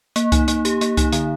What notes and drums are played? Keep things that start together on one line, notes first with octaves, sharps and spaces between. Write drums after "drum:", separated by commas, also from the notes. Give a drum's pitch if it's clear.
A#3, drum: hi-hat
D#4, drum: kick C2, hi-hat
A#3, drum: hi-hat
G4, drum: hi-hat
A#3, drum: hi-hat
D#4, drum: kick C2, hi-hat
D3, drum: hi-hat